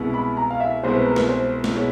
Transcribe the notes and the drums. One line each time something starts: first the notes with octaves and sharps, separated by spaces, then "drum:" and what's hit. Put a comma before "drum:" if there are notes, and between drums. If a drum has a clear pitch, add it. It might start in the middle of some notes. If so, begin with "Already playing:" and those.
Already playing: C2 B2 G#3 B3 E4
B5
A#5
F5
E5
C2 B2 G#3 B3 E4 C5
B4
A#4
B4, drum: snare
C5
drum: snare
B2 G#3 B3 E4 C#5